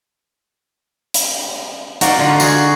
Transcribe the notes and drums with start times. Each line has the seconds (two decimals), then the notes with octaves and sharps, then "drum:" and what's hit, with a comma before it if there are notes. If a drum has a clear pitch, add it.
1.14 drum: hi-hat
2.01 D#4 F#4 D5 F5 F#5, drum: hi-hat
2.19 D3 F4
2.40 F#4 G#4, drum: tambourine